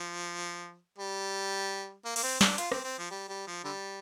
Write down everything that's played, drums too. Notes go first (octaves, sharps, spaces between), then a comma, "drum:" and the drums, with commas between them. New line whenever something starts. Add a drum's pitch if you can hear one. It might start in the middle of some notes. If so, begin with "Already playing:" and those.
Already playing: F3
G3
A#3
A#3, drum: cymbal
C4
D4, drum: snare
F4, drum: hi-hat
C4, drum: rim click
C4
F3
G3
G3
F3
D3 G3